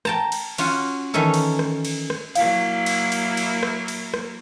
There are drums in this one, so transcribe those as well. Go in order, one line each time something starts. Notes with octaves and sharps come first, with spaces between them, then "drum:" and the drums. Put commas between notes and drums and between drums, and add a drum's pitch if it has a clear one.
G5 A5 A#5, drum: rim click
drum: cymbal
C#4 F4 F#4, drum: cymbal
D#3 E3 C#4 A4 C#5
drum: cymbal
drum: rim click
drum: cymbal
drum: rim click
F#3 A#3 E4 F5, drum: cymbal
drum: cymbal
drum: cymbal
drum: cymbal
drum: rim click
drum: cymbal
drum: rim click